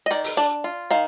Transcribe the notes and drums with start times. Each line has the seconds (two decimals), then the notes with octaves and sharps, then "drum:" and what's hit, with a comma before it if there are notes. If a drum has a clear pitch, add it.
0.06 D#5
0.11 D#3 D5
0.24 drum: open hi-hat
0.37 D4 D5
0.64 F4
0.90 D#3 F5